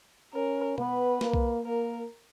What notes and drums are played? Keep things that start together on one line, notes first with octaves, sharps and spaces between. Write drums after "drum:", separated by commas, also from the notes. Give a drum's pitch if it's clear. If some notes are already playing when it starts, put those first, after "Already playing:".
C#4 A#4
B3 B4, drum: tom B2
A#3, drum: snare
drum: kick B1
A#3 A#4